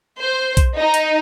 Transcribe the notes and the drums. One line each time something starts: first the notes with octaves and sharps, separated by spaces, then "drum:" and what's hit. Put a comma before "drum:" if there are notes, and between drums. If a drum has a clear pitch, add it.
C5
drum: kick B1, hi-hat
D#4
drum: hi-hat